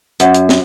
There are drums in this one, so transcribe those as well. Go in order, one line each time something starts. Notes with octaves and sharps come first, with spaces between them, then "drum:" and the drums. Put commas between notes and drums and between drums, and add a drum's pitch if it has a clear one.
F#2, drum: hi-hat
drum: hi-hat
drum: snare